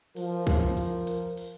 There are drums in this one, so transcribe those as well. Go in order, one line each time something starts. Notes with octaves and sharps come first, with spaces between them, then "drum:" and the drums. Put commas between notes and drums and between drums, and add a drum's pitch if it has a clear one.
F3 A#4, drum: open hi-hat
drum: kick, hi-hat
drum: hi-hat
drum: hi-hat
drum: open hi-hat